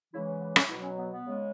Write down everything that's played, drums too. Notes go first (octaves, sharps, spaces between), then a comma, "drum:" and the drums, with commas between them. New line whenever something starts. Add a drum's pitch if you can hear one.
C#3 E3 G#3 E4
C#4
B3
C#4, drum: rim click
B2 F#3 E4
C#4
B3
B3
C#3 G#3